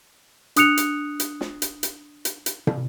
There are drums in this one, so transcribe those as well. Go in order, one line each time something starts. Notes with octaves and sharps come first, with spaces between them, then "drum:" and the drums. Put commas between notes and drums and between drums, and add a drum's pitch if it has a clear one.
D4 D#6 F#6 C#7 F7, drum: hi-hat
drum: hi-hat
drum: hi-hat
drum: snare
drum: hi-hat
drum: hi-hat
drum: hi-hat
drum: hi-hat
drum: tom